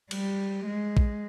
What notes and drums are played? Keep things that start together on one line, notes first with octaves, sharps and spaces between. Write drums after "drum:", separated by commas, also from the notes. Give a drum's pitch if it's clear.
G3, drum: cymbal
G#3
drum: kick